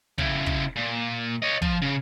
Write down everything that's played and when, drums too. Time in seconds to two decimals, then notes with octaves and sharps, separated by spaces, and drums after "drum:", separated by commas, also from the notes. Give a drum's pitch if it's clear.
0.18 C#3 E4, drum: kick
0.46 drum: kick
0.76 A#2
1.42 C#5 D#5
1.62 F3, drum: kick
1.82 C#3